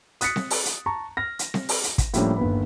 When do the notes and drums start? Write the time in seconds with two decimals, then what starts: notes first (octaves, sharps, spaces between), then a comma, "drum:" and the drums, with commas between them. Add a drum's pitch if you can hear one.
0.21 D#6 F#6 A6 B6 C#7, drum: hi-hat
0.36 drum: snare C4
0.50 drum: open hi-hat
0.65 drum: hi-hat
0.86 A5 A#5 C#6
1.17 F6 A#6
1.39 drum: hi-hat
1.54 drum: snare C4
1.69 drum: open hi-hat
1.83 drum: hi-hat
1.98 drum: kick, hi-hat
2.14 A2 F3 G3 A#3 C#4 D4, drum: hi-hat
2.36 G1 D#2 B3 B5